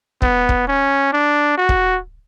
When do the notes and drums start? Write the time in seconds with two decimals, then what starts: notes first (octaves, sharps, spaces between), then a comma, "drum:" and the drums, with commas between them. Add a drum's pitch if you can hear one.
0.22 B3, drum: kick
0.49 drum: kick
0.67 C#4
1.12 D4
1.58 F#4
1.69 drum: kick